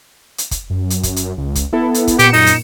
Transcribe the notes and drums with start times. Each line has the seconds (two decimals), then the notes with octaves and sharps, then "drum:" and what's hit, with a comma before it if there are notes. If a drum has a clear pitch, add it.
0.38 drum: hi-hat
0.51 drum: kick, hi-hat
0.70 F#2
0.90 drum: hi-hat
1.03 drum: kick, hi-hat
1.16 drum: hi-hat
1.38 C#2
1.55 drum: kick, hi-hat
1.73 B3 E4 A4
1.94 drum: hi-hat
2.07 drum: kick, hi-hat
2.19 A#2 G4 C#7 E7, drum: hi-hat
2.33 F#2 D#4, drum: open hi-hat
2.47 drum: hi-hat